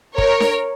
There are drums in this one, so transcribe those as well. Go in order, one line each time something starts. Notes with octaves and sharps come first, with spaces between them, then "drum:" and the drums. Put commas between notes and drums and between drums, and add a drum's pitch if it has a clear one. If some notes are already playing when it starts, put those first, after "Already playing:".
A#4 C#5, drum: kick
drum: snare D4